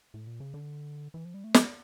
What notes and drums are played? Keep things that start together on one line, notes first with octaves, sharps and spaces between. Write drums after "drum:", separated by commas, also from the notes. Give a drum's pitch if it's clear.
A2
A#2
C#3
D3
E3
F3
G3
A3
F3, drum: snare